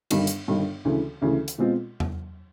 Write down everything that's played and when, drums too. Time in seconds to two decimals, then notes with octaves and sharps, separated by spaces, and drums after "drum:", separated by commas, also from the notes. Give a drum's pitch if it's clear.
0.11 G1 G2 D#3, drum: cymbal
0.27 drum: hi-hat
0.48 G1 G2 D#3
0.85 D2 C#3 E3
1.22 D2 C#3 E3
1.48 drum: hi-hat
1.58 B2 G#3 C4 F4
2.00 drum: tom E2